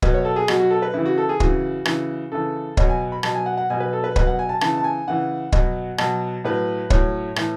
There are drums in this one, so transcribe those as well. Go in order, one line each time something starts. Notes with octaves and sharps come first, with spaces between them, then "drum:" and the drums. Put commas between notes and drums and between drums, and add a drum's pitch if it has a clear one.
B2 F#3 B4, drum: kick
C#5
A4
G#4
B2 F#3 F#4, drum: rim click
F#4
A4
B4
C#3 E3 E4
F#4
A4
G#4
C#3 E3 F#4, drum: kick
C#3 E3, drum: rim click
C#3 E3 A4
B2 F#3 C#5, drum: kick
G#5
B5
B2 F#3 A5, drum: rim click
G#5
F#5
F#5
B2 F#3 G#5
B4
A4
B4
B2 F#3 B4, drum: kick
F#5
G#5
A5
C#3 E3 A5, drum: rim click
A5
G#5
C#3 E3 F#5
B2 F#3, drum: kick
B2 F#3 A5, drum: rim click
A2 F#3 B4
A2 F#3 C#5, drum: kick
A2 E3, drum: rim click